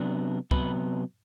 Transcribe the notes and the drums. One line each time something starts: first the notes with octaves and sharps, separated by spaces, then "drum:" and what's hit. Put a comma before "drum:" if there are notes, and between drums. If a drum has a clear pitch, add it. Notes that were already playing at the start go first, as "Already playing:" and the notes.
Already playing: C3 F#3 B3 D4
C3 F#3 B3 B4, drum: kick C#2